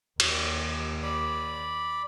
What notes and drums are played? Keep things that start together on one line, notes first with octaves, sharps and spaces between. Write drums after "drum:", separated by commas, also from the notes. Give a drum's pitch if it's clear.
D#2, drum: cymbal
D5 B5